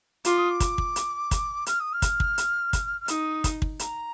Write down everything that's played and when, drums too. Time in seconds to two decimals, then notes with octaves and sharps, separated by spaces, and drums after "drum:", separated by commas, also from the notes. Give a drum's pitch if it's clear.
0.25 F4 D6, drum: hi-hat
0.37 D#6
0.49 D6
0.60 drum: kick, hi-hat
0.78 drum: kick
0.96 drum: hi-hat
1.31 drum: kick, hi-hat
1.66 F6, drum: hi-hat
1.79 D#6
1.92 F6
2.02 drum: kick, hi-hat
2.20 drum: kick
2.38 drum: hi-hat
2.73 drum: kick, hi-hat
3.00 F6
3.08 D#4 D#6, drum: hi-hat
3.44 drum: kick, hi-hat
3.62 drum: kick
3.79 A#5, drum: hi-hat